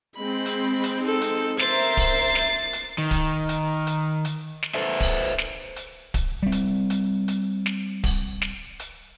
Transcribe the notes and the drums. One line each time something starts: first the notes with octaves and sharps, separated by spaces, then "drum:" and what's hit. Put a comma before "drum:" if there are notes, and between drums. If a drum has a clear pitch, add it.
G#3 C4 B5
drum: hi-hat
drum: hi-hat
D#4 A4
drum: hi-hat
A#4 C5 E5 A6 C7, drum: snare
drum: kick D1, open hi-hat
drum: snare
drum: hi-hat
D#3
drum: kick D1, hi-hat
drum: hi-hat
drum: hi-hat
drum: hi-hat
drum: snare
A4 B4 C5 E5
drum: kick D1, open hi-hat
drum: snare
drum: hi-hat
drum: kick D1, hi-hat
G3 C4
drum: hi-hat
drum: hi-hat
drum: hi-hat
drum: snare
drum: kick D1, open hi-hat
drum: snare
drum: hi-hat